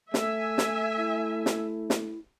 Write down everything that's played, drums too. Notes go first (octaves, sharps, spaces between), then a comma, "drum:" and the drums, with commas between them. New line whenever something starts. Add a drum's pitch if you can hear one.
A3 E5 G#5, drum: snare
drum: snare
E4
drum: snare
drum: snare